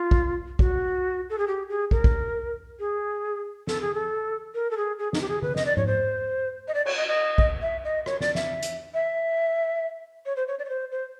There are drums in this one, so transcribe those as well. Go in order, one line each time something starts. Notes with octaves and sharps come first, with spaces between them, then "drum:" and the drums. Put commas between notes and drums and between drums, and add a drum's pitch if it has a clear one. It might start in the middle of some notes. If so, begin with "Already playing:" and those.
Already playing: F4
drum: kick
F#4, drum: kick
A4
G#4
G4
G#4
A#4, drum: kick
drum: kick
G#4
A4, drum: snare
G#4
A4
A#4
A4
G#4
G#4
D#4, drum: snare
G4
G#4
B4, drum: tom D3
D#5, drum: snare
D5
C#5, drum: tom G#2
C5
D#5
D5
C#5, drum: cymbal
D#5
D#5
drum: kick
E5
D#5
C#5, drum: rim click
D5, drum: snare
E5, drum: snare
drum: hi-hat
E5
C#5
C5
C#5
D5
C#5
C5
C5